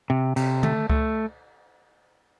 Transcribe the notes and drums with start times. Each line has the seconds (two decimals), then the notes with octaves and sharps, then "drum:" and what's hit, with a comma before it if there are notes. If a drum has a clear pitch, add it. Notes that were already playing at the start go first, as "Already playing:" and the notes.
0.10 C3
0.36 C3, drum: cymbal
0.63 A3, drum: tom
0.90 A3, drum: kick C#2